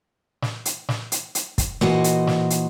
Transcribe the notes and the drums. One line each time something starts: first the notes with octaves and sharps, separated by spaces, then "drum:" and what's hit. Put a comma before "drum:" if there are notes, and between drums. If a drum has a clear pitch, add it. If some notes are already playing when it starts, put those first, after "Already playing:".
drum: snare
drum: hi-hat
drum: snare
drum: hi-hat
drum: hi-hat
drum: kick, hi-hat
A#2 E3 F#4 C5 D#5, drum: snare
drum: hi-hat
drum: snare
drum: hi-hat